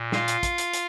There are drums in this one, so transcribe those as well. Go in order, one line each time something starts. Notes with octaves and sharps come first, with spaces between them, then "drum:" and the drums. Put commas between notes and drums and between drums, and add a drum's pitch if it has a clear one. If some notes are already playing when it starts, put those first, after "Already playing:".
Already playing: A#2
F4 F5, drum: snare
drum: hi-hat
drum: kick, hi-hat
drum: hi-hat
drum: hi-hat